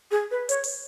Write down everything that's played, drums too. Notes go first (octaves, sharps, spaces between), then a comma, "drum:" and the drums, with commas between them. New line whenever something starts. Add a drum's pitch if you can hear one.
G#4
B4
C#5, drum: hi-hat
drum: open hi-hat